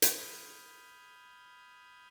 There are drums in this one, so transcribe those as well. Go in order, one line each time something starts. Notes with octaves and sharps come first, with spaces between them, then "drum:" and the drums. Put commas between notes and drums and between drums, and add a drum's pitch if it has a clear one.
drum: hi-hat
B5 D#6 F6 G6 G#6